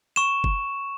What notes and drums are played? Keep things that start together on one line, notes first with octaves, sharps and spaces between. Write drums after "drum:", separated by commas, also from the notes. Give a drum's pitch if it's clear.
C#6 E7
drum: kick F#1